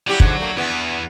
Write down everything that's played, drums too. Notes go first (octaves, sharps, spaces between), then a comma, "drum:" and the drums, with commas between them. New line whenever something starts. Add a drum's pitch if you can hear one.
F#3 G3 E4 G4
G#2 D3 F3, drum: kick
A3 A#3
E2 E3 B3 E4